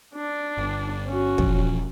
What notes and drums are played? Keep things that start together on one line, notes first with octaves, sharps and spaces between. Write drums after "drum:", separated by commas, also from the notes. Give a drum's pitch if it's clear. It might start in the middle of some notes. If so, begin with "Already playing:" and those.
D4
G1
C#4 F#4
A#2 E3 F3, drum: kick